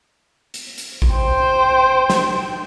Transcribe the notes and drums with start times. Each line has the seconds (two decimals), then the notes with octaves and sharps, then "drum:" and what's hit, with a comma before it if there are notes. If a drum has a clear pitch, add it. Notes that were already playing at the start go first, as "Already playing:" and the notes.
0.54 drum: hi-hat
0.78 drum: hi-hat
1.02 drum: kick A1
1.13 C5 G5
2.10 drum: snare